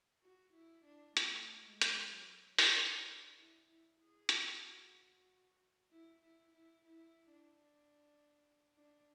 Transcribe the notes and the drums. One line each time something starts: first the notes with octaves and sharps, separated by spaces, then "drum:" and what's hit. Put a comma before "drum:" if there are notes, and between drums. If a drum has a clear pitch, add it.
F#4
E4
D4
A3, drum: hi-hat
G#3
drum: hi-hat
F#3
D4, drum: open hi-hat
E4
E4
G#4
drum: hi-hat
F#4
E4
E4
E4
E4
D4
D4